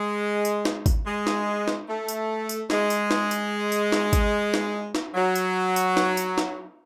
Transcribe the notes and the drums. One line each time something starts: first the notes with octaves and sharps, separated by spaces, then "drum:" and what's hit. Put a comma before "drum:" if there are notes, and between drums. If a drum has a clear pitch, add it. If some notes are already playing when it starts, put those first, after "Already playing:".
Already playing: G#3
drum: tambourine
drum: snare
drum: kick G#1, tambourine
G#3
drum: snare
drum: snare
A3
drum: tambourine
drum: tambourine
G#3, drum: snare
drum: tambourine
drum: snare
drum: tambourine
drum: tambourine
drum: snare
drum: kick G#1, tambourine
drum: snare
drum: snare
F#3
drum: tambourine
drum: tambourine
drum: snare
drum: tambourine
drum: snare